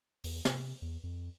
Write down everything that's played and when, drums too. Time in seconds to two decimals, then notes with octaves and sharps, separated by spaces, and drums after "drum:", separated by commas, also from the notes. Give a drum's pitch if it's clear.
0.24 E2, drum: open hi-hat
0.45 C3, drum: snare
0.82 E2
1.03 F2